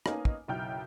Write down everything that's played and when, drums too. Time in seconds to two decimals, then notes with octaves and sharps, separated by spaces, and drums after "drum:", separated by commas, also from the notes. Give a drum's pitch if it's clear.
0.06 A#3 B3 C#4 D#4 D#5 G#5, drum: rim click
0.25 drum: kick
0.48 F#1 B1 E4 G5 F6 G6